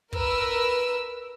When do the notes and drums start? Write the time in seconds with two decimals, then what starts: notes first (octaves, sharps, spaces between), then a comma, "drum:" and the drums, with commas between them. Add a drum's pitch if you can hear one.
0.13 A#4 B4 E6, drum: kick